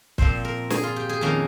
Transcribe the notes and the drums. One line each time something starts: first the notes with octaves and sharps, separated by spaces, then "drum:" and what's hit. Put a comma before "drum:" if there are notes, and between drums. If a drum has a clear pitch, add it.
A#2 F3 C4 C5, drum: kick
A#4
G#4, drum: snare
F4
G4
G#4
F2 D#3 A#3 C#4 A#4